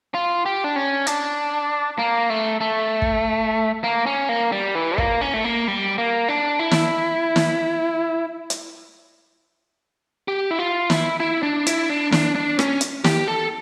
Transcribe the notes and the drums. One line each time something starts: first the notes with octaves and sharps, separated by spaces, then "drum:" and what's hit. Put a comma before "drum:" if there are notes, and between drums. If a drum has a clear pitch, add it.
F4
G4
D4
C#4
D4, drum: hi-hat
A#3
A3
A3
drum: kick
A#3
C#4
A#3
G3
E3
A#3, drum: kick
C#4
A3
A#3
G3
A#3
D4
E4
drum: snare
drum: snare
drum: hi-hat
G4
E4
F4
E4, drum: snare
E4
D4
E4, drum: hi-hat
D4
D4, drum: snare
D4
C#4, drum: rim click
drum: hi-hat
G4, drum: snare
A4